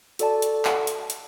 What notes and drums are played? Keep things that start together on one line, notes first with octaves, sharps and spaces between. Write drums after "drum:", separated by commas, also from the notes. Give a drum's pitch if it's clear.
F#4 A4 D5 A5, drum: hi-hat
drum: hi-hat
drum: clap
drum: hi-hat
drum: hi-hat